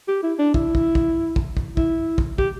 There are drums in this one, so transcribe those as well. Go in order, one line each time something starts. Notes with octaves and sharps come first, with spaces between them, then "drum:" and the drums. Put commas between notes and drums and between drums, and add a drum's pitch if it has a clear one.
G4
E4
D4
E4, drum: kick
drum: kick
drum: kick
drum: kick
drum: kick
E4, drum: kick
drum: kick
G4, drum: kick